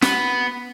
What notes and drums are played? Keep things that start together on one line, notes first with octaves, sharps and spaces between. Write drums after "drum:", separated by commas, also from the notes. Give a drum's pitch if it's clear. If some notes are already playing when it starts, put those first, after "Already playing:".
B3, drum: snare